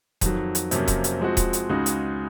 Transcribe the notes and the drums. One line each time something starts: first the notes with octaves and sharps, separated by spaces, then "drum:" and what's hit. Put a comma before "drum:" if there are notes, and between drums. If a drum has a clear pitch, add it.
F2 D#3 F#3, drum: kick D#1, hi-hat
drum: hi-hat
F2 C3 F#3 A#3 C#4, drum: hi-hat
drum: kick D#1, hi-hat
drum: hi-hat
F3 G#3 C4 F#4
drum: kick D#1, hi-hat
drum: hi-hat
C#2 C#3 G#3 D#4 F#4
drum: hi-hat